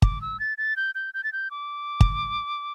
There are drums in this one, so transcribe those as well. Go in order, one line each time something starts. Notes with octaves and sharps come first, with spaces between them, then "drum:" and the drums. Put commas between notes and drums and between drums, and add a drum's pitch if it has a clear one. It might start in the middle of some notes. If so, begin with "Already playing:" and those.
D6, drum: kick
E6
A6
A6
G6
G6
G6
A6
G6
D6
drum: kick